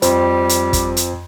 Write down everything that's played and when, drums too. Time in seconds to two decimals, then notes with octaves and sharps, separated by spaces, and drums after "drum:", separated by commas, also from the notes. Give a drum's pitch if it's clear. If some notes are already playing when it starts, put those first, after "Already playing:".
0.02 F2 G3 C5, drum: hi-hat
0.49 drum: hi-hat
0.73 drum: kick, hi-hat
0.97 drum: hi-hat